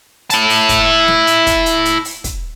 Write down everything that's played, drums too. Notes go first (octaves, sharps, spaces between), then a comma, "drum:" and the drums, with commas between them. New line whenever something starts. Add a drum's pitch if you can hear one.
E4 A5, drum: hi-hat
drum: open hi-hat
drum: kick, hi-hat
drum: snare
drum: hi-hat
drum: kick, hi-hat
drum: hi-hat
drum: hi-hat
drum: open hi-hat
drum: kick, hi-hat